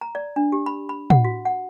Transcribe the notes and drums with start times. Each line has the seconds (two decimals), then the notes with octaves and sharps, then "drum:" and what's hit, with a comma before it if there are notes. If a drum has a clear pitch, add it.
0.01 A#5
0.15 D5
0.36 D4
0.52 G4
0.66 B5
0.89 B5
1.10 F#5, drum: tom
1.24 F#4
1.45 F#5